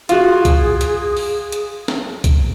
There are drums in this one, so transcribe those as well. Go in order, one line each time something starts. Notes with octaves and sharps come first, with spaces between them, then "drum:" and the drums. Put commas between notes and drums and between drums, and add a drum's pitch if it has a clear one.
F4 F#4 G#4, drum: hi-hat
drum: kick, hi-hat
drum: hi-hat
drum: open hi-hat
drum: hi-hat
drum: snare
drum: kick, hi-hat